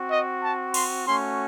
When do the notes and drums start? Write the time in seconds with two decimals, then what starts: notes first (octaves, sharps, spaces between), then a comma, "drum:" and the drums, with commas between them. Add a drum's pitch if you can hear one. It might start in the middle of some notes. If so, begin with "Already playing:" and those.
Already playing: C4 F#4
0.11 D#5
0.43 A5
0.74 C6, drum: cymbal
1.06 A3 C#4 F#4 C6